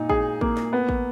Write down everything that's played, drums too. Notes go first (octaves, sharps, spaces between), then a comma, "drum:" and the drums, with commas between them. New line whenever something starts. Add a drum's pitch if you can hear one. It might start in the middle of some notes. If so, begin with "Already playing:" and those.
Already playing: A#2 D#4
G#4, drum: kick A1
A#3, drum: kick A1
drum: snare
B3
drum: kick A1